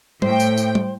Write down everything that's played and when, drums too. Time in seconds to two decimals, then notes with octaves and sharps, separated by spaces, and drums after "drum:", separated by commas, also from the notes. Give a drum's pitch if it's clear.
0.22 A2 C5 G5, drum: tom G3
0.40 drum: tambourine
0.57 drum: tambourine
0.75 drum: tom G3